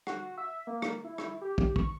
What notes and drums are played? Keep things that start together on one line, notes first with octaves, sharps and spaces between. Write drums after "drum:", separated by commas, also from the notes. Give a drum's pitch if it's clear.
F#4, drum: rim click
E5
A#3
drum: rim click
E4
E4, drum: rim click
G4
drum: kick
C#6, drum: kick